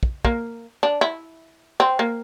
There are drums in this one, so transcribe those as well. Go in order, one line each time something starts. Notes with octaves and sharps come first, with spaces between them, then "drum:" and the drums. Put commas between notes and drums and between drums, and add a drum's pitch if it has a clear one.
drum: kick
A#3, drum: kick
D4
E4
C4
A#3